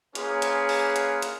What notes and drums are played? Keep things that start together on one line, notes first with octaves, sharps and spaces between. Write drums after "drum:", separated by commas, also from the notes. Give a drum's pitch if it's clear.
A#3 C#4 F4 G#4 B4, drum: hi-hat
drum: hi-hat
drum: open hi-hat
drum: hi-hat
drum: hi-hat